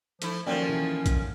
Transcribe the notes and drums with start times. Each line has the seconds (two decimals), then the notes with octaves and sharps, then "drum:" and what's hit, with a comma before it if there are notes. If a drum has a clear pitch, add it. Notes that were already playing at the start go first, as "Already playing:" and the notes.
0.22 F3 A3 E4, drum: hi-hat
0.47 D#3 F3 F#3 A#3 C#4 D5 G5
0.69 E3
1.06 drum: kick A#1, hi-hat